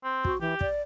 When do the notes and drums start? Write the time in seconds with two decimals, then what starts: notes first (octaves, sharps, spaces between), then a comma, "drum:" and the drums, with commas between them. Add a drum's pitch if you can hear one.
0.04 C4
0.25 F#4, drum: kick
0.41 E3 G4
0.61 D5, drum: kick